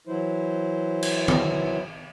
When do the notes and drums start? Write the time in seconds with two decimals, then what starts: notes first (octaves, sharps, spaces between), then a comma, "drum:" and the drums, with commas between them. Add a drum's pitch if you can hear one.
0.07 E3 F#3 E4 C5
1.03 drum: cymbal
1.28 drum: tom D#3